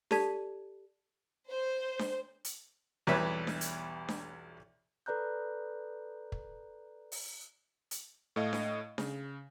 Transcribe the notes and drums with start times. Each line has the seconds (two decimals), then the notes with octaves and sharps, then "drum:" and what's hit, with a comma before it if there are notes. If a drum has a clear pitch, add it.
0.11 G4 A4 D5 A5 G#6 B6, drum: snare D4
1.50 C5
1.99 drum: snare D4
2.44 drum: hi-hat
3.07 B1 E2 G3 B4 C#5 E5
3.47 drum: snare D4
3.61 drum: hi-hat
4.08 drum: snare D4
5.06 A4 B4 D5 A#5 F#6 G6
6.32 drum: kick
7.12 drum: open hi-hat
7.91 drum: hi-hat
8.36 A2 A3 D#5 F5
8.53 drum: snare D4
8.98 C#3, drum: snare D4